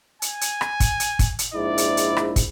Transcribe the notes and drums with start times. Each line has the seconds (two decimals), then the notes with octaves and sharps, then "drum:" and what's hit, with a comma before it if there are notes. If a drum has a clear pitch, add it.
0.22 G#5, drum: hi-hat
0.41 drum: hi-hat
0.61 drum: rim click
0.80 drum: kick, hi-hat
1.00 drum: hi-hat
1.19 drum: kick, hi-hat
1.39 drum: hi-hat
1.54 A#1 G#2 E4 D5
1.78 drum: hi-hat
1.97 drum: hi-hat
2.17 drum: rim click
2.36 drum: kick, hi-hat